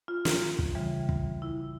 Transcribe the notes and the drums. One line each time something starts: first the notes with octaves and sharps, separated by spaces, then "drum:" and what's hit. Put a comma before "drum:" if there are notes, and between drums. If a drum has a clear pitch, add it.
F4
drum: snare
drum: kick
C#3 E3 G3
drum: kick
E4